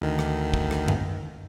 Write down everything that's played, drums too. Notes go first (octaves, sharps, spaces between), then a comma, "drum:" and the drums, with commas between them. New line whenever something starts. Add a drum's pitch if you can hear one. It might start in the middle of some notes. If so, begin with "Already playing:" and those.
D2 D#3
drum: rim click
drum: kick
drum: rim click
drum: tom F#2